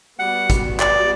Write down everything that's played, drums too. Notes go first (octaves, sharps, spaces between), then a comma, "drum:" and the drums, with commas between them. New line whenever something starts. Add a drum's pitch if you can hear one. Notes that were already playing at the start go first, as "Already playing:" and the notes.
G3 B3 F#4 F#5
drum: kick G#1, hi-hat
D5, drum: clap